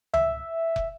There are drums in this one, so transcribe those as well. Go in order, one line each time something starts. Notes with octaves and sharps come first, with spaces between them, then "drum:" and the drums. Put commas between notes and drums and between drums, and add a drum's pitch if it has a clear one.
E5, drum: tom C#2
drum: kick